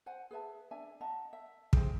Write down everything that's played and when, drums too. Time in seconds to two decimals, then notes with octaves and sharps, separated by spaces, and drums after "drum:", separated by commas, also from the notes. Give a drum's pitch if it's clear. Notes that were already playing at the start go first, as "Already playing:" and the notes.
0.06 C5 F#5 G#5
0.31 G#4 B4 E5 A5
0.71 D4 E5 G#5
1.01 D#5 F#5 A5 A#5
1.33 E5
1.73 G4 G#4 C5 E5, drum: kick